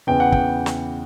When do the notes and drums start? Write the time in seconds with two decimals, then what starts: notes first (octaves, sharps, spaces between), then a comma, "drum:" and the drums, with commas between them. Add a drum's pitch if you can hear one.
0.07 E2 C#3 E3 G5
0.20 F#5
0.32 G5, drum: kick
0.66 drum: snare